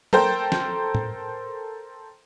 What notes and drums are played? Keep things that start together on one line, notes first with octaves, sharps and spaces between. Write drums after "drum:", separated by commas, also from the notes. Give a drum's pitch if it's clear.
A4 A#4 C5 G5, drum: tom
drum: snare
drum: tom